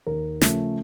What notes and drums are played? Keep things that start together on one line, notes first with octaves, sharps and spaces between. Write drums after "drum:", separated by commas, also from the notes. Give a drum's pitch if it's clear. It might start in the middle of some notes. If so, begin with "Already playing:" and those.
D#2 A#4
C#3 F3 A3 C#4, drum: snare